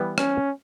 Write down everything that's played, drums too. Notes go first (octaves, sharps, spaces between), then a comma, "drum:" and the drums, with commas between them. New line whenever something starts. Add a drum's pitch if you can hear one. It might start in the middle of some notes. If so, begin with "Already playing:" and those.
Already playing: E3 G3 B3
C#4, drum: rim click